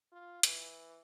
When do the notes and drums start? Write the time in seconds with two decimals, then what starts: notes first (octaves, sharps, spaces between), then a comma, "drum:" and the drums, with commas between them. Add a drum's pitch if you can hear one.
0.12 F4
0.43 E3, drum: hi-hat